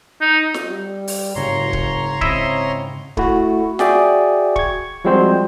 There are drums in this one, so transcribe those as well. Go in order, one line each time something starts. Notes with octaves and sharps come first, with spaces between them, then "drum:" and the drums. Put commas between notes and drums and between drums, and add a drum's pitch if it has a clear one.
D#4
drum: snare
G3
drum: open hi-hat
F#1 G#2 C#3 C#5 A#5 C6
drum: kick D1
C4 E4 D#5 E5, drum: kick D1
A3 E4 F#4, drum: kick D1
F#4 G#4 D5 E5 G5, drum: snare
C#6 G#6, drum: kick D1
F3 G3 G#3 C4 F#4 C5